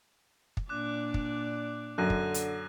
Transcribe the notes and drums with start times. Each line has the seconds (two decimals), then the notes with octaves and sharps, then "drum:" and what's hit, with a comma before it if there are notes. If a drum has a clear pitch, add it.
0.57 drum: kick
0.69 A#2 D4 D5 D6 F#6
1.14 drum: kick
1.98 F#2 D3 F#6 A#6 D#7
2.10 drum: kick
2.34 drum: hi-hat